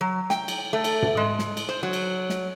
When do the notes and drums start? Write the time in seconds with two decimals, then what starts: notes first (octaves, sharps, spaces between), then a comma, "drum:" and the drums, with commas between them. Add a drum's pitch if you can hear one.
0.01 F#3
0.30 G5, drum: snare
0.48 drum: cymbal
0.73 A3
0.84 drum: cymbal
1.03 drum: tom
1.17 G#3
1.39 drum: snare
1.57 drum: cymbal
1.69 C5
1.83 F#3
1.93 drum: cymbal
2.29 drum: snare